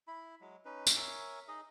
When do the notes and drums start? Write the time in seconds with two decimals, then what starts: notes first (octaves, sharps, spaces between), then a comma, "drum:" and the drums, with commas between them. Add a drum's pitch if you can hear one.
0.07 E4 B5
0.41 F#3 G#3
0.65 C#4 D#4 B4
0.87 drum: tambourine
0.96 A#4 C#5 E5 G#5
1.48 D#4 G#4 D#5